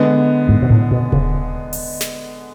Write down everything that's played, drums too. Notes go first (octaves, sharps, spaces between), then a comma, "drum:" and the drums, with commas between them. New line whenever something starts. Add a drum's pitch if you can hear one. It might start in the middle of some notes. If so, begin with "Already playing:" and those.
Already playing: D3 G#3 B3
G#2
B2
A2
B2
C#3, drum: kick D#1
drum: open hi-hat
drum: snare